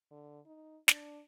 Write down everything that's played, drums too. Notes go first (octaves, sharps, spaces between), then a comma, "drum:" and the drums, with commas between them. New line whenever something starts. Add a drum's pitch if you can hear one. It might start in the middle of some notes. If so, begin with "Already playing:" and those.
D3
D#4
D4, drum: snare